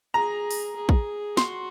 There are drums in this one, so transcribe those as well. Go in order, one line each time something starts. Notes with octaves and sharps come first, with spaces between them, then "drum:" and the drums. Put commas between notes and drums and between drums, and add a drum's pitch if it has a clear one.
G#4 A#5
drum: open hi-hat
G#4
drum: kick
F#4 C6, drum: snare